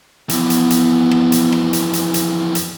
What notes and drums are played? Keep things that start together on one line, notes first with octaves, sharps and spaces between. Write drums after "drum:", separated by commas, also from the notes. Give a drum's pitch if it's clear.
F2 E3 B3, drum: hi-hat
drum: hi-hat
drum: hi-hat
drum: rim click
drum: hi-hat
drum: rim click
drum: hi-hat
drum: hi-hat
drum: hi-hat
drum: hi-hat